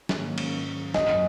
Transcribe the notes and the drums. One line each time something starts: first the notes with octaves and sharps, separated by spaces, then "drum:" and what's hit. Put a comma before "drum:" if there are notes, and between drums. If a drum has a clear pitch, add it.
G#2 D#3 F#3 A#3 C#4, drum: snare
drum: cymbal
F#2 F#3 A#3 C#4 D#5, drum: snare